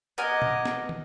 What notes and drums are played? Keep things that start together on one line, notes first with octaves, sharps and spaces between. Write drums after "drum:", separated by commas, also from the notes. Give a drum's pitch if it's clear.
B3 A#4 D#5 G#5 D6, drum: hi-hat
drum: tom A#2
drum: snare
drum: tom